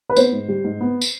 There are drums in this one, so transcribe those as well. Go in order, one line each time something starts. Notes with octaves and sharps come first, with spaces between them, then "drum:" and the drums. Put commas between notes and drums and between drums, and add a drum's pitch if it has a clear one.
B4
B3 C5, drum: tambourine
G#2
G3
G#2
B3
drum: tambourine